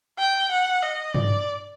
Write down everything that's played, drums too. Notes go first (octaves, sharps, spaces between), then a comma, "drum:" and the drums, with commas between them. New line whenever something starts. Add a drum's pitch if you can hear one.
G5
F#5
D#5
D5, drum: tom G2